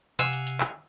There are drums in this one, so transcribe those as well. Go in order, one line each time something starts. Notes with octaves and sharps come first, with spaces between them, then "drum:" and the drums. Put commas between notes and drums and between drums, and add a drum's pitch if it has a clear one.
C3 F5 F#5 G#5 E6
drum: hi-hat
drum: hi-hat
drum: clap